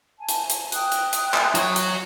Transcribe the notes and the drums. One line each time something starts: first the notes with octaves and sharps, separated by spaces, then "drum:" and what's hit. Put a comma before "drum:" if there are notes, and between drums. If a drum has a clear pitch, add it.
G#5 A5
drum: hi-hat
drum: hi-hat
G5 D#6 F#6, drum: hi-hat
drum: hi-hat
drum: hi-hat
drum: clap
F#4 C#5, drum: hi-hat
drum: hi-hat